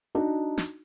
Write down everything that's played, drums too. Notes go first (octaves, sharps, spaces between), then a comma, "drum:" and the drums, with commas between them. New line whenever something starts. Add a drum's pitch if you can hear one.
D4 D#4 F#4
drum: snare